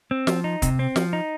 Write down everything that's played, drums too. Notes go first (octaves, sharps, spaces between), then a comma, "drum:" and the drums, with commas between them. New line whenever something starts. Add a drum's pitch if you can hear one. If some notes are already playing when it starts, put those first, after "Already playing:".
C4
F3, drum: snare
D#4
C3, drum: kick, hi-hat
C4
F3, drum: snare
D#4